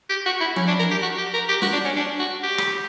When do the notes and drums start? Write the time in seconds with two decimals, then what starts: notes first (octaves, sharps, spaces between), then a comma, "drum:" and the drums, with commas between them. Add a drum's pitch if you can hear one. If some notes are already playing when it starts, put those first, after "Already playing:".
0.09 G4
0.26 F#4
0.40 E4
0.56 C#4, drum: tom F3
0.67 D4
0.79 A#4
0.91 G4
1.02 F#4
1.18 G4
1.34 A#4
1.49 G4
1.62 F#4, drum: snare
1.73 D4
1.85 C#4
1.96 D4
2.19 F#4
2.43 G4
2.58 drum: rim click